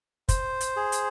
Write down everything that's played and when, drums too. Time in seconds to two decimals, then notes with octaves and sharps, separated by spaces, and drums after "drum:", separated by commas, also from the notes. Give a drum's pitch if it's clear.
0.29 C5, drum: kick, hi-hat
0.61 drum: hi-hat
0.76 G#4
0.92 drum: hi-hat